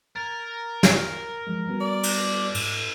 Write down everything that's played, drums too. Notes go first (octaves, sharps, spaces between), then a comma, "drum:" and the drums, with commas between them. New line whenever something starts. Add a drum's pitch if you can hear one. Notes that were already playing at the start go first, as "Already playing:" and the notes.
A#4 G#6 A6
drum: snare
E3 F3 G#3
G3 B3 F#4
D5
drum: cymbal
G#2, drum: cymbal